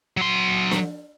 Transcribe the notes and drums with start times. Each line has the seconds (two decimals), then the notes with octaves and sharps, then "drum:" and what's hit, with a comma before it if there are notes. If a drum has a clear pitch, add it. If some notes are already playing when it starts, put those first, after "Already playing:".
0.17 F#3 C6
0.71 drum: snare